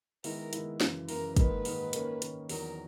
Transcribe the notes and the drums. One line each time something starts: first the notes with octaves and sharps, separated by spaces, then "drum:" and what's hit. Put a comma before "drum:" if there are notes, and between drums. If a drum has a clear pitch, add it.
D#3 G#3 B3 E4 A#4, drum: open hi-hat
D#3 G#3 B3 E4, drum: hi-hat
F#2 C#3 E3, drum: snare
F#2 C#3 E3 A#4, drum: open hi-hat
G#2 D#3 A#3 D#4 A#4 B4, drum: kick, hi-hat
G#2 D#3 A#3 D#4 A#4, drum: open hi-hat
D#3 A#3 C#4, drum: hi-hat
D#3 A#3 C#4, drum: hi-hat
E2 D#3 F#3 A#4, drum: open hi-hat